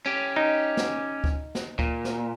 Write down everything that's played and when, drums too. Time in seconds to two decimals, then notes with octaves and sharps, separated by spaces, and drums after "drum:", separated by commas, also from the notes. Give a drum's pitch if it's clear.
0.06 C#4 G4
0.36 D#4
0.77 drum: snare
1.24 drum: kick D2
1.55 drum: snare
1.79 A#2, drum: kick D2
2.05 drum: snare